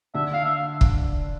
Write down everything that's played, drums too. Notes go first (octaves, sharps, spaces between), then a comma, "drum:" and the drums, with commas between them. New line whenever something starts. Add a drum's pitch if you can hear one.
D3 D4 E5
F5
E5
drum: kick